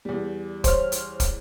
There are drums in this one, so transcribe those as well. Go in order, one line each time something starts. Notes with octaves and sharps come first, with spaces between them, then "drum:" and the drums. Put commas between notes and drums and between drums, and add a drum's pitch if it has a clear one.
E2 G3
C5 C#5 F6, drum: kick, hi-hat
drum: hi-hat
drum: kick, hi-hat